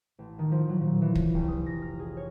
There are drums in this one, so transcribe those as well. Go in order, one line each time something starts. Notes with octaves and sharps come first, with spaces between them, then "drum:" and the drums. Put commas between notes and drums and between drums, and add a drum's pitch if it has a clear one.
A1
D#3
F3
F#3
A#2
E3
drum: kick
F1
D#6
A#6
F6
G#4
C#5